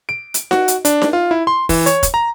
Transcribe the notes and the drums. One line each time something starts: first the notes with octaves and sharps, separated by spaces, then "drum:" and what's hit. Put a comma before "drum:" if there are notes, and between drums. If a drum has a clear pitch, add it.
D7
drum: hi-hat
F#4, drum: snare D#4
drum: hi-hat
D4, drum: hi-hat
drum: snare D#4
F4
E4
C6
E3, drum: kick, open hi-hat
C#5, drum: hi-hat
drum: kick, hi-hat
A#5